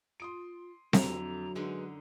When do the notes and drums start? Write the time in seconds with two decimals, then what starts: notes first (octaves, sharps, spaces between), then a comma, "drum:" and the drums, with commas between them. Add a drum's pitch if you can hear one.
0.20 F4 C6 D#6 D7
0.93 F2 D3 F#3 E4 A#5, drum: snare C4
1.55 F#2 D3 G#3 D#4 B4